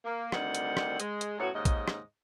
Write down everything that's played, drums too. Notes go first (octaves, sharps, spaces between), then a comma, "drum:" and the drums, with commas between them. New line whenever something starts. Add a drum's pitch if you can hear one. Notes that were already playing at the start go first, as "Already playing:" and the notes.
A#3
D2 D#3 G3 C4 F#5, drum: rim click
drum: hi-hat
drum: rim click
G#3, drum: hi-hat
drum: hi-hat
F#2 A2 B3 F#4 C#5
D#2 G#2 C#3 D#5
drum: kick, hi-hat
drum: rim click